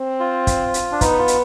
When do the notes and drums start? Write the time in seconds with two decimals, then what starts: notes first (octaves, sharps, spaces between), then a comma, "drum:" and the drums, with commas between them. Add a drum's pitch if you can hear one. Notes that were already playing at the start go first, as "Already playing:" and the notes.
Already playing: C4
0.20 F4
0.47 drum: kick, hi-hat
0.74 drum: hi-hat
0.92 D4
1.01 B3 D#4, drum: kick, hi-hat
1.19 F4
1.28 drum: hi-hat